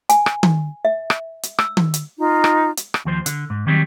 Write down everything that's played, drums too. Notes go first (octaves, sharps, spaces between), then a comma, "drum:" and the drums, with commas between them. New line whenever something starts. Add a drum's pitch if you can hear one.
G#5, drum: hi-hat
drum: rim click
drum: tom D#3
E5
drum: rim click
drum: hi-hat
E6, drum: rim click
drum: tom D#3
drum: hi-hat
D#4 F4
drum: rim click
drum: hi-hat
drum: rim click
D#2 F3 C5
D3, drum: hi-hat
G#2
D#3 F#3 G3 C4